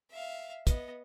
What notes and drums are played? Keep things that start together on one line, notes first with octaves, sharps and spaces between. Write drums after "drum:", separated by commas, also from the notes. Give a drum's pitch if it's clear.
E5 F5
B3 D#5, drum: kick, hi-hat